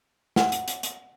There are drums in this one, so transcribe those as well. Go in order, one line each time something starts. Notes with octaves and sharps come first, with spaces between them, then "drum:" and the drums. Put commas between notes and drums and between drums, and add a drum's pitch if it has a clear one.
F#5, drum: snare
drum: hi-hat
drum: hi-hat
drum: hi-hat